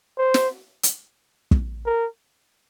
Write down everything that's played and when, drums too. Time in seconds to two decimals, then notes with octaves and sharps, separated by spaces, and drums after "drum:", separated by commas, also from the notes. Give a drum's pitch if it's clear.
0.18 C5
0.34 drum: snare
0.83 drum: hi-hat
1.51 drum: kick
1.86 A#4